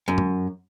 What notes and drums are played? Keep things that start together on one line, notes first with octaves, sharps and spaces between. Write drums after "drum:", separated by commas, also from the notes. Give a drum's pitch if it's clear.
F#2
drum: tom F#2